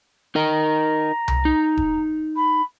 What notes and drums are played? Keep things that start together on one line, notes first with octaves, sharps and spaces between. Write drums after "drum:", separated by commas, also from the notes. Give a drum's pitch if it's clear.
D#4 A#4 D#5 A#5
drum: tom C2
D#4
drum: kick D#1
B5